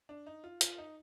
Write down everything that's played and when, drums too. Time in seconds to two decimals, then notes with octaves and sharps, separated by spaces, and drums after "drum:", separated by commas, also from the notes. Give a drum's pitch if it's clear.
0.09 D4
0.26 D#4
0.44 F4
0.61 F4, drum: hi-hat
0.78 D#4